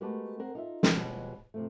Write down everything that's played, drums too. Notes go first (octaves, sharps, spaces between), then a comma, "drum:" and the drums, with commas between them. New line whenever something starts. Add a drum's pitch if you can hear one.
G#3 A3 B3 F#4 G4 A#4
C4 A#4 F#5
D#4 F4 E5
drum: snare
D#2 B2 D#3 F3 G3 G#3
C3 F3 A3